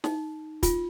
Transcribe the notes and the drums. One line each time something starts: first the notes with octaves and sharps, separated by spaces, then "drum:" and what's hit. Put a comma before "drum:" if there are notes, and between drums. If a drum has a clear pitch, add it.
D#4, drum: snare
F4, drum: kick, hi-hat